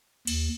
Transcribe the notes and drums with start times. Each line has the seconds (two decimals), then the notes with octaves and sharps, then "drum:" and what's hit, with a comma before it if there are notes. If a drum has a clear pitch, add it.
0.27 D#2, drum: cymbal